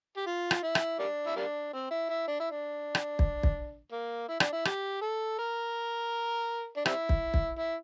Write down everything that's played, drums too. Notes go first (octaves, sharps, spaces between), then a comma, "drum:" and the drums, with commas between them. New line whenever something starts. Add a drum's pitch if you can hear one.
G4
F4
drum: rim click
E4
drum: rim click
G3 A#3 D4
E4
G3 A#3 D4
C4
E4
E4
D4
E4
D4
drum: rim click
drum: kick
drum: kick
A#3
E4
D4, drum: rim click
E4
G4, drum: rim click
A4
A#4
D4
G3 C4 E4, drum: rim click
drum: kick
drum: kick
E4